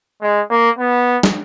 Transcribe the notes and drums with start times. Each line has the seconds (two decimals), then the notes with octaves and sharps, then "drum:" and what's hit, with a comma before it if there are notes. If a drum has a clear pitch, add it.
0.22 G#3
0.50 A#3
0.78 B3
1.23 drum: snare